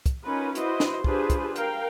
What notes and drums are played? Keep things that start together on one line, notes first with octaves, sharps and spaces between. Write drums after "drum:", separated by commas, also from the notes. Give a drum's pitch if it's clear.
drum: kick, hi-hat
C#4 D#4 F4 A#4 B4
E4 F#4 B4 C5 D#5, drum: hi-hat
drum: snare
D4 F4 G4 G#4 B4 C5, drum: kick
drum: kick, hi-hat
A#4 F5 G5, drum: hi-hat